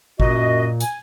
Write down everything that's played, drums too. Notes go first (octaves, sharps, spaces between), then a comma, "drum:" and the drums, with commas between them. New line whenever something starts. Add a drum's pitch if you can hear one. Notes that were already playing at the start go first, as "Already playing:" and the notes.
F#2 A#2 F#4 D#5, drum: kick G#1
G#5, drum: hi-hat